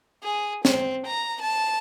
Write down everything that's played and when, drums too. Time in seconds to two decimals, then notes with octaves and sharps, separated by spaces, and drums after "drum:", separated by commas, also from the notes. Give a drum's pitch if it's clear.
0.23 G#4
0.65 C4, drum: snare
1.07 A#5
1.42 A5